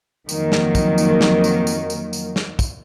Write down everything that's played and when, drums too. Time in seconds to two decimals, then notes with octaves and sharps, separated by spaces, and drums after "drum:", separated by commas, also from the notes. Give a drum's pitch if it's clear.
0.29 F2 D#3 F#3 A#3, drum: tambourine
0.52 drum: snare
0.75 drum: kick, tambourine
0.98 drum: tambourine
1.21 drum: snare
1.44 drum: tambourine
1.67 drum: tambourine
1.90 drum: tambourine
2.13 drum: tambourine
2.36 drum: snare
2.59 drum: kick, tambourine